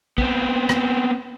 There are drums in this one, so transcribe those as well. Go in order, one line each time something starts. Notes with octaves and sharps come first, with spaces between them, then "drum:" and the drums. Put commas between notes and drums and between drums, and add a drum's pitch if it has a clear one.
B3 C4, drum: kick
drum: rim click